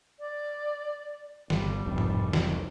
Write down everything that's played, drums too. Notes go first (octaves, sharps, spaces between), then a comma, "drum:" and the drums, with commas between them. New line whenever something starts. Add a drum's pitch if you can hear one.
D5
G1 G3, drum: snare
F1 C2 F2
drum: tom G#2
drum: snare